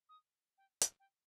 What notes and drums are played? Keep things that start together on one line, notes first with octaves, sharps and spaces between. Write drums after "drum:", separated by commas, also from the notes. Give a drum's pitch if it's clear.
D#6
G5
F5, drum: hi-hat
G5